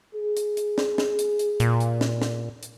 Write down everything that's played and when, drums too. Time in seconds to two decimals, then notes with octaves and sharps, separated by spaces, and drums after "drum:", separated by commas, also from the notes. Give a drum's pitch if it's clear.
0.15 G#4
0.37 drum: hi-hat
0.57 drum: hi-hat
0.78 drum: snare
0.98 drum: snare
1.19 drum: hi-hat
1.39 drum: hi-hat
1.60 A#2, drum: hi-hat
1.80 drum: hi-hat
2.01 drum: snare
2.22 drum: snare
2.63 drum: hi-hat